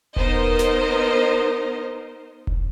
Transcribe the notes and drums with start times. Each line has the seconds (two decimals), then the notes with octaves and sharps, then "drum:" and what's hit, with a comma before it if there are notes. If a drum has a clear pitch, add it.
0.16 B3 D#4 A#4 C5 D#5, drum: kick E1
0.59 drum: snare
2.47 drum: kick E1